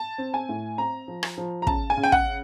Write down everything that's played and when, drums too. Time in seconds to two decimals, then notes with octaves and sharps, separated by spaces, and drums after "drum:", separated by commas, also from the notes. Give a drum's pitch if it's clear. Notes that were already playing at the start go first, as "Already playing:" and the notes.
Already playing: A5
0.18 C4
0.34 G#5
0.49 A2
0.78 C4 A#5
1.08 F3
1.23 drum: rim click
1.38 F3
1.62 A#5
1.67 C#3 A5, drum: kick
1.90 G#5
1.97 C#3
2.04 G5
2.12 F#5, drum: kick